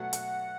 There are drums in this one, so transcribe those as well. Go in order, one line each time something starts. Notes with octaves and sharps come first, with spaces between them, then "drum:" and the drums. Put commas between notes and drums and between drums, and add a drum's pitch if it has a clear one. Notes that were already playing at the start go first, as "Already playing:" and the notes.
Already playing: B2 F#3 A3 F#4 F#5
drum: hi-hat